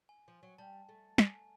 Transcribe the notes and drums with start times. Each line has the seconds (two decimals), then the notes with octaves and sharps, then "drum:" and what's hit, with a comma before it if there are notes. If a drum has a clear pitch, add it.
0.09 G#5
0.28 F3
0.43 F#3
0.58 G3 A5
0.89 A3
1.18 G#5, drum: snare